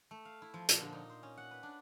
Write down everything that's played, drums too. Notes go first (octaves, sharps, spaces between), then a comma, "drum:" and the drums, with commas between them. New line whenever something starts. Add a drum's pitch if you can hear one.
A3
F5
E4
F3
A#2, drum: hi-hat
D3
D#4
C5
C#4
F#5
B4
D4